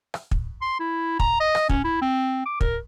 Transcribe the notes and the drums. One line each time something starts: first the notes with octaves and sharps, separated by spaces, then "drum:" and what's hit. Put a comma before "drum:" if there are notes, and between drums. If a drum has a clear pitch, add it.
drum: rim click
drum: kick
C6
E4
A#5, drum: kick
D#5
drum: rim click
C#4, drum: kick
E4
C4
D6
A#4, drum: kick